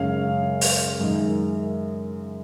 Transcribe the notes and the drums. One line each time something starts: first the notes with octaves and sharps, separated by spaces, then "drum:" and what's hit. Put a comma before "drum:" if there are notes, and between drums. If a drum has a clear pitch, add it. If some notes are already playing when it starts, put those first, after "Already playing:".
Already playing: F#2 C#3 G#3 C#4 F5
drum: open hi-hat
F#2 D#3 G#3